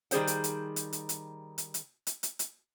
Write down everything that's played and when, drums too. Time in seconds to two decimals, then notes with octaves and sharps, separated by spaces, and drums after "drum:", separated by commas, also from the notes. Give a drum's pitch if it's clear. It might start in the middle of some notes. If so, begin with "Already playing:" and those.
0.11 D#3 G3 G#4 C5 G5, drum: hi-hat
0.27 drum: hi-hat
0.44 drum: hi-hat
0.76 drum: hi-hat
0.93 drum: hi-hat
1.09 drum: hi-hat
1.58 drum: hi-hat
1.74 drum: hi-hat
2.07 drum: hi-hat
2.23 drum: hi-hat
2.39 drum: hi-hat